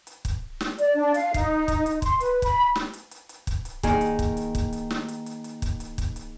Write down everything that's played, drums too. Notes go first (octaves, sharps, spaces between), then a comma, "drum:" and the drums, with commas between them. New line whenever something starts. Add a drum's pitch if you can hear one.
drum: hi-hat
drum: kick, hi-hat
drum: snare
D5, drum: hi-hat
D4
F5, drum: hi-hat
D#4, drum: kick, hi-hat
drum: kick, hi-hat
drum: hi-hat
C6, drum: kick, hi-hat
B4, drum: hi-hat
B5, drum: kick, hi-hat
drum: snare
drum: hi-hat
drum: hi-hat
drum: hi-hat
drum: kick, hi-hat
drum: hi-hat
D#3 A#3 G#4, drum: kick, hi-hat
drum: hi-hat
drum: kick, hi-hat
drum: hi-hat
drum: kick, hi-hat
drum: hi-hat
drum: snare
drum: hi-hat
drum: hi-hat
drum: hi-hat
drum: kick, hi-hat
drum: hi-hat
drum: kick, hi-hat
drum: hi-hat